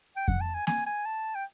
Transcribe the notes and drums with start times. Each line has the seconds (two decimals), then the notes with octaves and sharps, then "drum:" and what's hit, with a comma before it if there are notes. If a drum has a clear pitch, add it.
0.16 G5
0.28 F#5, drum: kick F2
0.41 A5
0.55 G#5
0.67 G#5, drum: snare A#3
0.86 G#5
1.06 A5
1.35 G5